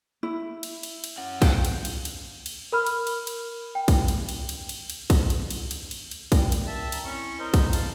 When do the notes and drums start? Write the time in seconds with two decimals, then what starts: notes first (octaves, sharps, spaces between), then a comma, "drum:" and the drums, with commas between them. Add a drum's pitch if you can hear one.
0.23 E4
0.63 drum: cymbal
0.83 drum: cymbal
1.04 drum: cymbal
1.18 C#4 F#5
1.42 F5 G5, drum: kick, cymbal
1.65 drum: cymbal
1.85 drum: cymbal
2.05 drum: cymbal
2.46 drum: cymbal
2.72 A#4 B5 F6
2.86 drum: cymbal
3.07 drum: cymbal
3.27 drum: cymbal
3.75 G5
3.88 drum: kick, cymbal
4.08 drum: cymbal
4.29 drum: cymbal
4.49 drum: cymbal
4.69 drum: cymbal
4.90 drum: cymbal
5.10 drum: kick, cymbal
5.30 drum: cymbal
5.50 drum: cymbal
5.71 drum: cymbal
5.91 drum: cymbal
6.11 drum: cymbal
6.32 A#4 D5 G5, drum: kick, cymbal
6.52 drum: cymbal
6.67 E5 A5
6.92 A#5, drum: cymbal
7.05 C4 C#4 E4 B5 C#6
7.39 A#4 C5 D#5
7.54 drum: kick, cymbal
7.73 F5 A5, drum: cymbal